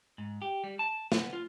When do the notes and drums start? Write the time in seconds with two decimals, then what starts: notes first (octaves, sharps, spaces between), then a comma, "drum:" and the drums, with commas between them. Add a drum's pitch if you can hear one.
0.18 G#2
0.42 G4
0.64 G3
0.79 A5
1.12 B3, drum: snare
1.33 F4